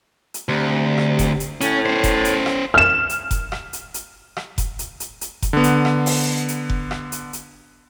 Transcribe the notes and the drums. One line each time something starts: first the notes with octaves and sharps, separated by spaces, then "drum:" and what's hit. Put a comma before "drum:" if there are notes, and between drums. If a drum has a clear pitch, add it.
drum: hi-hat
D2 C3
drum: rim click
drum: kick F1, hi-hat
drum: hi-hat
A2 C#4, drum: hi-hat
C#4 C5
drum: kick F1, hi-hat
drum: hi-hat
drum: rim click
F6 E7
drum: hi-hat
drum: kick F1, hi-hat
drum: rim click
drum: hi-hat
drum: hi-hat
drum: rim click
drum: kick F1, hi-hat
drum: hi-hat
drum: hi-hat
drum: hi-hat
drum: kick F1, hi-hat
D3 B3
drum: hi-hat
drum: rim click
drum: open hi-hat
drum: hi-hat
drum: kick F1
drum: rim click
drum: hi-hat
drum: hi-hat